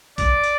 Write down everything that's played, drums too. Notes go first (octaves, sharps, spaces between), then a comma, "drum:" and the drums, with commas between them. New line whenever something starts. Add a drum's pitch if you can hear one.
D5, drum: kick A#1, hi-hat
drum: hi-hat